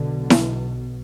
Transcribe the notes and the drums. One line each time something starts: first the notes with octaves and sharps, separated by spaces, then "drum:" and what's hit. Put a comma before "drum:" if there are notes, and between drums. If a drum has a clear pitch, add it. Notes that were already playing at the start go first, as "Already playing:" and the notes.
Already playing: B1 B2 D3
drum: snare E4